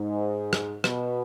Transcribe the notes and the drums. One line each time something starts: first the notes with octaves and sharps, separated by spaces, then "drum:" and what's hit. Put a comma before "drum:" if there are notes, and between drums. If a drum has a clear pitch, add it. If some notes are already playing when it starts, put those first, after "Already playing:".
Already playing: G#2
drum: rim click
B2, drum: rim click